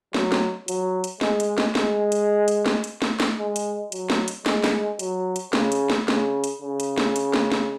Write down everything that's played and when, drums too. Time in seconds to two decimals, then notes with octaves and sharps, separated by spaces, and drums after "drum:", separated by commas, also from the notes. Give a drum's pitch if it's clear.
0.14 F#3, drum: snare
0.32 drum: snare
0.68 F#3, drum: hi-hat
1.04 drum: hi-hat
1.21 G#3, drum: snare
1.40 drum: hi-hat
1.58 drum: snare
1.75 G#3, drum: snare
2.12 drum: hi-hat
2.48 drum: hi-hat
2.66 drum: snare
2.84 drum: hi-hat
3.02 drum: snare
3.20 drum: snare
3.38 G#3
3.56 drum: hi-hat
3.92 F#3, drum: hi-hat
4.10 drum: snare
4.28 drum: hi-hat
4.46 G#3, drum: snare
4.64 drum: snare
4.99 F#3, drum: hi-hat
5.36 drum: hi-hat
5.53 C#3, drum: snare
5.72 drum: hi-hat
5.90 drum: snare
6.08 C#3, drum: snare
6.44 drum: hi-hat
6.62 C#3
6.80 drum: hi-hat
6.98 drum: snare
7.16 drum: hi-hat
7.34 drum: snare
7.52 drum: snare